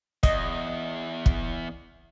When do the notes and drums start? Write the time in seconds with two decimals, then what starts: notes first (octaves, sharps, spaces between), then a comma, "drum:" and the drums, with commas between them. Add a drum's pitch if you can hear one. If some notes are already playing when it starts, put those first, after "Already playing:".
0.23 E2 D#5, drum: kick
1.26 drum: kick